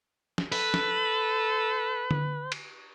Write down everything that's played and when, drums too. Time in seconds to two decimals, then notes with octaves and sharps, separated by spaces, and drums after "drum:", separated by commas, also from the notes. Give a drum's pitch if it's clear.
0.38 drum: snare
0.52 A4 B4, drum: open hi-hat
0.74 drum: snare
2.11 drum: tom D3
2.52 drum: cymbal